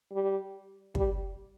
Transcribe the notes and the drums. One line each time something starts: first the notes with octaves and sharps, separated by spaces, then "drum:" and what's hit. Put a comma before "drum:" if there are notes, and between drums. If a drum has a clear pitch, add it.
G3
G3, drum: kick